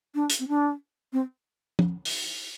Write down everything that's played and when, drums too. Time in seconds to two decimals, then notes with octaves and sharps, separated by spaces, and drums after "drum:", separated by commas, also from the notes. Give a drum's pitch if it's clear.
0.15 D4
0.30 drum: hi-hat
0.39 C4
0.48 D4
1.13 C4
1.79 drum: tom
2.05 drum: open hi-hat